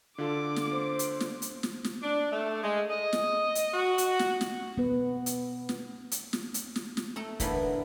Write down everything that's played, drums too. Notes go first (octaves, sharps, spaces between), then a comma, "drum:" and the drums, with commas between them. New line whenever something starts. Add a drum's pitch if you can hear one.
D3 F4 A4 D6
drum: snare
C5
drum: hi-hat
drum: snare
drum: hi-hat
drum: snare
drum: snare
D4
A3
G#3
D#5
drum: snare
drum: hi-hat
F#4
drum: hi-hat
drum: snare
drum: snare
B3 B4
drum: hi-hat
drum: snare
drum: hi-hat
drum: snare
drum: hi-hat
drum: snare
drum: snare
A3 A4 A#5
A2 D3 E3 A#3 B3, drum: kick, hi-hat